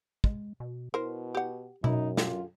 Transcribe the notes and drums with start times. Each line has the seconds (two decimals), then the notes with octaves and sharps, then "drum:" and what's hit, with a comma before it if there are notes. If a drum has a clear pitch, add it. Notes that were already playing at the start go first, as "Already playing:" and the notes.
0.24 G#3, drum: kick
0.60 B2
0.94 B2 E4 A#4 C5
1.35 G4 F#5
1.84 F#2 B2 D#4 E4, drum: tom B2
2.17 D3 F4 G4, drum: snare